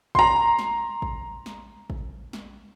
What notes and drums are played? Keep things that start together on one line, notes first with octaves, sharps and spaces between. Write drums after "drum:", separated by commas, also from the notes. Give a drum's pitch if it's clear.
A#5 C6, drum: kick
drum: snare
drum: kick
drum: snare
drum: kick
drum: snare